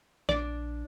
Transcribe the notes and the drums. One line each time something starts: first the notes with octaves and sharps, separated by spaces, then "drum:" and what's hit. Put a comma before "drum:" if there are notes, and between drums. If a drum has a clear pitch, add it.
A#1 D4 D5 D6, drum: snare